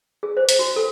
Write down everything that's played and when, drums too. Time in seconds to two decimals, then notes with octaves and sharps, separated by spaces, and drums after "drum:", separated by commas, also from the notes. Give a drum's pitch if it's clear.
0.23 G#4
0.37 C5
0.49 drum: hi-hat
0.59 F#4
0.76 A4